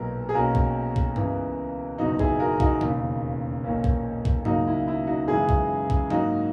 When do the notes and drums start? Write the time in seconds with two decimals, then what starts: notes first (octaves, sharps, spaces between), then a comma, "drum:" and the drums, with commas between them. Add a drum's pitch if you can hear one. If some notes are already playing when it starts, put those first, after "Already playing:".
Already playing: B1 A#2 F#3 B3 A#4
0.29 G#4
0.34 B1 B2 A#3 C#4 F#4 A#4
0.55 drum: kick B1
0.96 drum: kick B1
1.16 C#2 C#3 E3 B3, drum: tom G2
1.98 F#1 E2 B2 F#3 D#4 F#4
2.19 E4 G#4, drum: kick B1
2.40 F#4 A#4
2.60 D#4 F#4, drum: kick B1
2.81 E1 D#2 C#3, drum: tom D3
3.63 B1 A#2 A#3 C#4
3.84 drum: kick B1
4.25 drum: kick B1
4.45 C#2 C#3 F#3 A#3 D#4 F#4, drum: tom G2
4.67 E4
4.88 E4
5.07 D#4 F#4
5.28 F#2 C#3 E3 G#3 E4 G#4
5.49 drum: kick B1
5.90 drum: kick B1
6.10 G#2 F#3 A#3 D#4 F#4, drum: tom D3